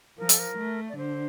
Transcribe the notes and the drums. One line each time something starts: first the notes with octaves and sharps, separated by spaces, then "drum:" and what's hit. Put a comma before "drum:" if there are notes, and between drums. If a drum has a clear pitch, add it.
F3 A#4
A4, drum: hi-hat
A#4
A3
D5
D3 C5